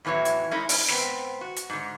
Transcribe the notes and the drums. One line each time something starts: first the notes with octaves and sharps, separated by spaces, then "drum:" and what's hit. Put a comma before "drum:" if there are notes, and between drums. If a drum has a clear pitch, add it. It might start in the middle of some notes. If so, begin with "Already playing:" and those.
E2 A2 E3 F#3 C#5
drum: hi-hat
G#3 C#4 D#4 E4 A#4
C#4, drum: open hi-hat
G#2 B3 C4, drum: snare
F#4
drum: hi-hat
G#2 D3